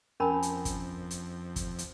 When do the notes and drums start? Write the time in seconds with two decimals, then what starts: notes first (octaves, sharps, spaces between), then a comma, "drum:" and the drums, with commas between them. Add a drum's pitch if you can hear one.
0.20 F2 C#4 A#4 G#5 A5 B5
0.43 drum: hi-hat
0.65 drum: kick, hi-hat
1.11 drum: hi-hat
1.56 drum: kick, hi-hat
1.79 drum: hi-hat